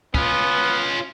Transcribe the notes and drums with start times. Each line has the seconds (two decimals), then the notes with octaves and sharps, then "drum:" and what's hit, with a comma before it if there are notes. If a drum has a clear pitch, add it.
0.15 B3 C#4 F4, drum: kick